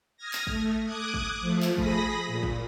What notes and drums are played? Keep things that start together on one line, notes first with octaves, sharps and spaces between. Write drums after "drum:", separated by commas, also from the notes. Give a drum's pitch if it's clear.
D#6 F6 G#6 A#6
drum: clap
A3, drum: kick
D6 D#6 F#6 G#6
drum: kick
F3 A3
drum: clap
G#4 B5 D#6 A#6, drum: kick
A#2
drum: kick